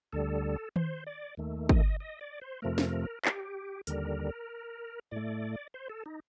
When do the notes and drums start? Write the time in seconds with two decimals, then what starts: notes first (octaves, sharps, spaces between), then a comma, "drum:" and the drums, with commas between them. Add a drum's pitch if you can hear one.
0.13 D2 D3 G3 A4
0.76 C5, drum: tom D#3
1.07 D5
1.37 D#2 D#3 A3
1.69 D#5, drum: kick
2.00 D#5
2.21 D5
2.42 C5
2.62 F2 C3 F3 A3 A#4
2.78 drum: snare
3.25 G4, drum: clap
3.87 D#2 D3 G3 A#4, drum: hi-hat
5.11 A2 A3 D5
5.74 C5
5.89 A4
6.06 D#4